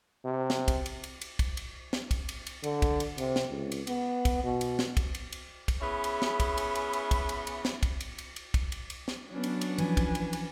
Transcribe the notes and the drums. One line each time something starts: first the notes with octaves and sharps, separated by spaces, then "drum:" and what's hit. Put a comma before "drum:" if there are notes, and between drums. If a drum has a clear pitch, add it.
C3
drum: snare
drum: kick, cymbal
drum: cymbal
drum: cymbal
drum: cymbal
drum: kick, cymbal
drum: cymbal
drum: snare
drum: kick, cymbal
drum: cymbal
drum: cymbal
D3, drum: cymbal
drum: kick, cymbal
drum: cymbal
C3, drum: cymbal
drum: snare
C#2
drum: cymbal
B3, drum: cymbal
drum: kick, cymbal
B2
drum: cymbal
drum: snare
drum: kick, cymbal
drum: cymbal
drum: cymbal
drum: kick, cymbal
B3 C#4 E4 G#4
drum: cymbal
drum: snare
drum: kick, cymbal
drum: cymbal
drum: cymbal
drum: cymbal
drum: kick, cymbal
drum: cymbal
drum: cymbal
drum: snare
drum: kick, cymbal
drum: cymbal
drum: cymbal
drum: cymbal
drum: kick, cymbal
drum: cymbal
drum: cymbal
drum: snare
F#3 B3 C#4 D4
drum: cymbal
drum: cymbal
E3 F3 C#4 B4 G#5, drum: cymbal
drum: kick, cymbal
drum: cymbal
drum: cymbal